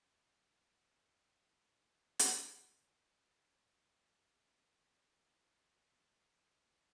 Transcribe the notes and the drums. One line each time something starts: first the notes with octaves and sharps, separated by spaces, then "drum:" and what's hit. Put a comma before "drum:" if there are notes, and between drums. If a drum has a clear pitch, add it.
F#3
drum: hi-hat
G4
B4 A#5
F3 C4
D#3 G3